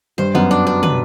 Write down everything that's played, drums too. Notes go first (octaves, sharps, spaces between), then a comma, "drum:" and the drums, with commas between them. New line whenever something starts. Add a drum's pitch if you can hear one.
G2 C5
F#2 B3
D4
D4
B4, drum: tom